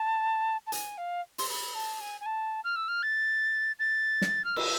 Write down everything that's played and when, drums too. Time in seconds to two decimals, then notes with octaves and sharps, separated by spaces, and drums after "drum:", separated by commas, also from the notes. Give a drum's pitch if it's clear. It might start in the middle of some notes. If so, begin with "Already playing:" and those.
Already playing: A5
0.67 A5
0.72 G#5, drum: hi-hat
0.97 F5
1.38 C6, drum: open hi-hat
1.49 B5
1.74 A5
2.00 G#5
2.20 G#5
2.26 A5
2.64 F6
2.76 E6
2.88 F6
3.02 A6
3.79 A6
4.22 drum: snare
4.44 F6
4.56 E6, drum: cymbal